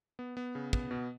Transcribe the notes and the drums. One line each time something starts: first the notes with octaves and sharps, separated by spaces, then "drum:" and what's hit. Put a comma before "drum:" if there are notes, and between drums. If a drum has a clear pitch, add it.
B3
B3
C#3
B3, drum: kick
B2